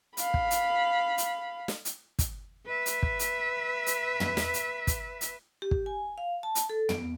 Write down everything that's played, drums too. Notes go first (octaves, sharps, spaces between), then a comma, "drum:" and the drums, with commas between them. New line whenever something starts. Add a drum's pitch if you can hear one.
F5 B5, drum: hi-hat
drum: kick
drum: hi-hat
drum: hi-hat
drum: snare
drum: hi-hat
drum: kick, hi-hat
B4 E5
drum: hi-hat
drum: kick
drum: hi-hat
drum: hi-hat
drum: tom
drum: snare
drum: hi-hat
drum: kick, hi-hat
drum: hi-hat
G4
drum: kick
G#5
F5
A5
drum: hi-hat
A4
B3, drum: tom